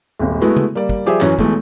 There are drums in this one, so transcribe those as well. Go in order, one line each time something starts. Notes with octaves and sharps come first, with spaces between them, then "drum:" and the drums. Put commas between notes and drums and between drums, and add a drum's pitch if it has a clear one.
D#1 G#1
G#3 A3 B3 E4 F#4
drum: tom
G3 A#3 D5
drum: kick
F3 G3 G4 G#4 C5 E5
F#2 E3 C#4, drum: clap
B1 E3 G#3 A3, drum: kick